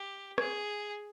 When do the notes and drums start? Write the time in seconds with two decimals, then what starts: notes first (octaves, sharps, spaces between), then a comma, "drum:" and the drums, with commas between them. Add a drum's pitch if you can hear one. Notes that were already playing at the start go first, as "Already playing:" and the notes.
Already playing: G4
0.38 G#4, drum: rim click